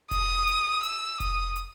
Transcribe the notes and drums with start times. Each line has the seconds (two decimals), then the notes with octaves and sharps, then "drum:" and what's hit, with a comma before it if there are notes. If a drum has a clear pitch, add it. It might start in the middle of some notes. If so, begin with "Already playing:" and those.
0.11 D#6, drum: kick F1, hi-hat
0.47 drum: hi-hat
0.83 E6, drum: hi-hat
1.20 D#6, drum: kick F1, hi-hat
1.56 drum: hi-hat